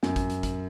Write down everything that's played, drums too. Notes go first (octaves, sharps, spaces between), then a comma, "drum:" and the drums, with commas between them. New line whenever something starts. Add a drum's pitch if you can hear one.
F#2, drum: snare
drum: kick, hi-hat
drum: hi-hat
drum: kick, hi-hat